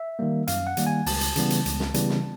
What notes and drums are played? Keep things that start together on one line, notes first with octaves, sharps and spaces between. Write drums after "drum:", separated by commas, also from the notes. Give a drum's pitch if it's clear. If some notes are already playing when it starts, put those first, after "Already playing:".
Already playing: E5
D#3 G3 A#3
F#2 F5, drum: hi-hat
F#5
D#3 G3 A#3, drum: hi-hat
G#5
C#2 A5, drum: open hi-hat
drum: hi-hat
C#3 E3 G3 B3, drum: hi-hat
drum: hi-hat
C#2, drum: hi-hat
drum: snare
C#3 E3 G3 B3, drum: hi-hat
drum: snare